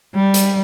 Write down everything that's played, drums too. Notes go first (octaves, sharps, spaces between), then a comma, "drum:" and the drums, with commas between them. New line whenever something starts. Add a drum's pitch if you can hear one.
G3
drum: hi-hat